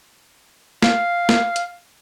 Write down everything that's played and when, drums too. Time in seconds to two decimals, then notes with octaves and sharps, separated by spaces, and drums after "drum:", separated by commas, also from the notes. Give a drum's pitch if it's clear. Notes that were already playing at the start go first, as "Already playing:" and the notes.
0.82 F5, drum: snare
1.29 drum: snare
1.56 drum: hi-hat